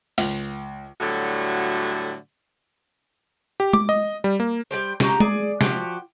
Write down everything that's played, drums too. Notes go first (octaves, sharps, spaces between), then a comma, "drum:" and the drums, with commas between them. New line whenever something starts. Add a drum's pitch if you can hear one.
C#2, drum: open hi-hat
A2 D3 F#3 G3 A3 F#4
G4
D6, drum: tom G#3
D#5
G3
A#3
G3 G4 C5
D4 F#4 G4 A#5, drum: snare
G#4 D5, drum: tom G#3
F3 F#4 G4, drum: snare